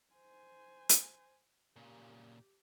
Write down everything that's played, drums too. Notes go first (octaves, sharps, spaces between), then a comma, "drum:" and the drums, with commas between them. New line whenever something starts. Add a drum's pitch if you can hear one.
C5 G#5
drum: hi-hat
A#2 C#3 G4